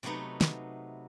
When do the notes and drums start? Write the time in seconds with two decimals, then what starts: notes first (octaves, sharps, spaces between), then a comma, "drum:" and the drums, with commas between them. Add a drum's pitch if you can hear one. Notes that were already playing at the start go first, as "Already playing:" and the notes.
0.03 C3 F#3 A3 B3 D#4
0.41 drum: snare